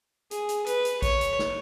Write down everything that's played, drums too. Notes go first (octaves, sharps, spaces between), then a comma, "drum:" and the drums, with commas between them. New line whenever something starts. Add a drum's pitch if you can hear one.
G#4, drum: hi-hat
drum: hi-hat
B4, drum: hi-hat
drum: hi-hat
C#5, drum: kick A#1, hi-hat
drum: hi-hat
drum: snare